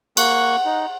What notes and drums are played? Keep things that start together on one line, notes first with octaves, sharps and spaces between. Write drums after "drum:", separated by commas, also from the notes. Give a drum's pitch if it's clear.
A#3 F#5 C#6 F#6, drum: cymbal
D#4